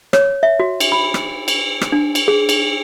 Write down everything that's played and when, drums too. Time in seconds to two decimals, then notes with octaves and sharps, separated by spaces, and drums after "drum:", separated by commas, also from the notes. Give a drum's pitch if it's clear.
0.13 C#5, drum: rim click
0.43 E5
0.60 F#4
0.80 drum: cymbal
0.92 B5
1.14 drum: rim click
1.48 drum: cymbal
1.81 drum: rim click
1.92 D4
2.15 drum: cymbal
2.28 G#4
2.49 drum: cymbal